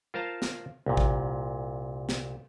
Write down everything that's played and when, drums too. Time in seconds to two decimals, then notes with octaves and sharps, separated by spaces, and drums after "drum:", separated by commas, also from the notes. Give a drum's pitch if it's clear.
0.14 F4 A#4 C5 F5 A5 A#5
0.42 drum: snare
0.86 C2 A#2
0.97 drum: kick A1
2.09 drum: snare